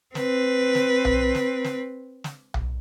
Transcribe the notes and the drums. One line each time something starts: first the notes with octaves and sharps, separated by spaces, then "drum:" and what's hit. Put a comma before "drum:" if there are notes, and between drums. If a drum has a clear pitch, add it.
C4 B4, drum: snare
drum: snare
drum: tom B1
drum: snare
drum: snare
drum: snare
drum: tom B1